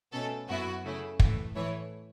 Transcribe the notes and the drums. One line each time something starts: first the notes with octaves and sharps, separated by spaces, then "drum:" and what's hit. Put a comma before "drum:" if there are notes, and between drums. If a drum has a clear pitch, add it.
B2 A3 C#4 A4
F#2 F#3 B3 E4 F#4
C#3 A3 C#4 E4
A2 E3 A3, drum: kick
A2 E3 A3 E4 C#5